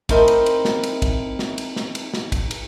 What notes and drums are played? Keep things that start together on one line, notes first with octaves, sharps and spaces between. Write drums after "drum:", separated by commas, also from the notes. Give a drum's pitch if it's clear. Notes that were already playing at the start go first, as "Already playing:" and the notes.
A3 C4 D#4 E4 A#4 C5, drum: kick, cymbal
drum: cymbal
drum: cymbal
drum: snare
drum: cymbal
drum: kick, cymbal
drum: snare
drum: cymbal
drum: snare
drum: cymbal
drum: snare
drum: kick, cymbal
drum: cymbal